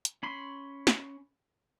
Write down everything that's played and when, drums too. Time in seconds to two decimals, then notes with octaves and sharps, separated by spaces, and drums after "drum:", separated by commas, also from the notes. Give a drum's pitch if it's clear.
0.05 drum: hi-hat
0.23 C#4 B5 C6
0.87 drum: snare